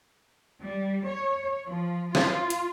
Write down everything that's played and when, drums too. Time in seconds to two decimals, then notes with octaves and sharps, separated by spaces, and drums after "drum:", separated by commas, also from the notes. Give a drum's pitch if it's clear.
0.62 G3
1.08 C#5
1.67 F3
2.15 F4, drum: snare
2.50 drum: hi-hat